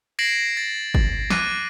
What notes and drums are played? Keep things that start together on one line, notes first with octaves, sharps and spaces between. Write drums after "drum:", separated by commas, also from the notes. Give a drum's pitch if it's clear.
G#6 A#6 C7 D7 E7 F#7
A6
drum: kick G1
D6 F#6 D#7, drum: snare